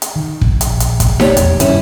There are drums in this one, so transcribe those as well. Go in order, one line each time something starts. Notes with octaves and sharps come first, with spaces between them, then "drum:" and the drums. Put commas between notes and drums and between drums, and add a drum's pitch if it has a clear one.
drum: hi-hat
D#3
A#1, drum: kick
drum: hi-hat
drum: hi-hat
drum: kick, hi-hat
G4 C#5 D5, drum: snare D#4
E1 F2, drum: hi-hat
F1 G2 D#3 G3 C#4 E4, drum: hi-hat